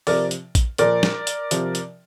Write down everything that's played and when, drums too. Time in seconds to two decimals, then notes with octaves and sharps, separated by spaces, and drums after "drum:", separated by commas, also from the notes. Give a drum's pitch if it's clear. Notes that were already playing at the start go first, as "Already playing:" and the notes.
0.07 C3 F3 A#4 D5, drum: open hi-hat
0.31 drum: hi-hat
0.55 drum: kick A#1, hi-hat
0.78 A#2 F3 A#4 D5, drum: hi-hat
1.03 drum: snare
1.27 drum: hi-hat
1.51 C3 F3, drum: hi-hat
1.75 drum: hi-hat